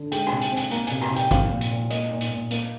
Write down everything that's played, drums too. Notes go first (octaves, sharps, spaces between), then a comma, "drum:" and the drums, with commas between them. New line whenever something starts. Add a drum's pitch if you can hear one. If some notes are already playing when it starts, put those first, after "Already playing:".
Already playing: D3
G#3 G5, drum: hi-hat
G#5, drum: rim click
C3
G5, drum: hi-hat
C4
G#5, drum: hi-hat
A#3 A#5, drum: hi-hat
C3 G#5, drum: hi-hat
A#5, drum: rim click
C3
G5, drum: hi-hat
C4 F5, drum: kick A1, hi-hat
A#2
drum: hi-hat
A#2
A#3 D#5, drum: hi-hat
A#2
drum: hi-hat
A#2
A#3, drum: hi-hat